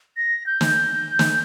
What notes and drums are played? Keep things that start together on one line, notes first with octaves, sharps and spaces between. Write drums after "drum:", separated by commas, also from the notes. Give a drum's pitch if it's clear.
A#6
G6
drum: snare
drum: snare